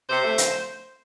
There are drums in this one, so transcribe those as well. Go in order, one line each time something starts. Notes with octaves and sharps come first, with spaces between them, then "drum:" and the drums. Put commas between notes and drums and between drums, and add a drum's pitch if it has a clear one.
C3 C5
A3
drum: hi-hat